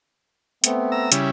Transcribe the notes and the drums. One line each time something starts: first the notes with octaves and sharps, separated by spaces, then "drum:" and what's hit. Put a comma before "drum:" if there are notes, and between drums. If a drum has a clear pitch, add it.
A3 B3 C4, drum: hi-hat
A#5 E6
C#3 G3 E4, drum: hi-hat